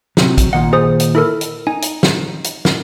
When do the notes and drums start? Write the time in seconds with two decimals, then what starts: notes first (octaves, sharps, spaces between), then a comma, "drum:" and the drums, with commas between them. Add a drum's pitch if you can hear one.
0.17 C3 F#3, drum: snare
0.38 drum: kick, hi-hat
0.53 A#2 D#3 D#5 F#5
0.73 G#4 C5 D#6
1.00 drum: hi-hat
1.15 E4 A4 A#4
1.41 drum: hi-hat
1.67 D#4 G#5
1.82 drum: hi-hat
2.03 drum: snare
2.44 drum: hi-hat
2.65 drum: snare